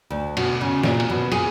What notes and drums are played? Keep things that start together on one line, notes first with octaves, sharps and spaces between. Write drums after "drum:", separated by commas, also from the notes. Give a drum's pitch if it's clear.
D2
B2, drum: cymbal
C#3
A#2, drum: snare
drum: cymbal
B2
G#4, drum: cymbal